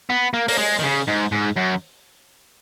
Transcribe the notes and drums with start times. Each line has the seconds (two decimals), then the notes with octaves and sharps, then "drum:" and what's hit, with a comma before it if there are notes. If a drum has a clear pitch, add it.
0.10 B3
0.34 A#3
0.48 A#3, drum: open hi-hat
0.58 G#3
0.80 D#3
0.83 C#3
1.08 G#2
1.32 G#2
1.56 F#2